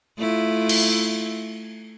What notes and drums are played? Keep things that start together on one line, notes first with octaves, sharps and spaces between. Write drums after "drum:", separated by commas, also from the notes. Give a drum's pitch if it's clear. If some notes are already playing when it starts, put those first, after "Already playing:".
A3 E4 F4
drum: cymbal